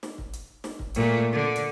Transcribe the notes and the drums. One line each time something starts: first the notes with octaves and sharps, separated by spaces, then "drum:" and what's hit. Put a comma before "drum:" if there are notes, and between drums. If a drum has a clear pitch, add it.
drum: snare
drum: kick
drum: hi-hat
drum: snare
drum: kick
A#2 A3, drum: hi-hat
D3
drum: hi-hat